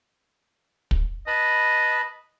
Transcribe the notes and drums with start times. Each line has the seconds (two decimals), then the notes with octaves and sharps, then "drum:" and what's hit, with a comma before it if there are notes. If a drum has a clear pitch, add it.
0.91 drum: kick
1.27 B4 D#5 A5 B5